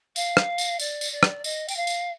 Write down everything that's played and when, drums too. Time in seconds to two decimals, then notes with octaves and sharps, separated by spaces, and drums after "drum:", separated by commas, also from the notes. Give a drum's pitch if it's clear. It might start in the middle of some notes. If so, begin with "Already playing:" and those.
0.16 F5, drum: tambourine
0.37 drum: rim click
0.58 drum: tambourine
0.79 D5, drum: tambourine
1.01 drum: tambourine
1.12 D5
1.23 drum: rim click
1.44 D#5, drum: tambourine
1.68 G5, drum: tambourine
1.76 F5
1.87 drum: tambourine